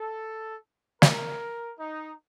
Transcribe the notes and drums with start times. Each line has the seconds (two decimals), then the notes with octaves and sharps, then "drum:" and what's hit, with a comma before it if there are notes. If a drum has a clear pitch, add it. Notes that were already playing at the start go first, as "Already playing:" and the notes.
Already playing: A4
1.02 A#4, drum: snare
1.78 D#4